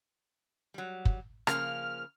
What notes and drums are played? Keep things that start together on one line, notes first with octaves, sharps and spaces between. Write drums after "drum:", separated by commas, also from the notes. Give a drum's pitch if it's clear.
F#3 G3
drum: kick
C#3 F3 A#3 F6, drum: rim click